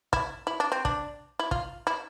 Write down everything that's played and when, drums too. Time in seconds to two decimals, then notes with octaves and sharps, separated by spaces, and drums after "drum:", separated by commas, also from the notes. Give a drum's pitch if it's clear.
0.13 E4, drum: kick
0.47 E4
0.60 D4
0.72 C4
0.85 D4, drum: kick
1.39 E4
1.51 F4, drum: kick
1.87 E4